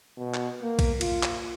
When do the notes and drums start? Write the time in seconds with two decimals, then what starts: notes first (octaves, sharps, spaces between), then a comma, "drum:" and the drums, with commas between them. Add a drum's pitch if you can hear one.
0.18 B2
0.34 drum: clap
0.62 A#3
0.79 drum: kick A#1, cymbal
1.01 F4, drum: cymbal
1.23 drum: clap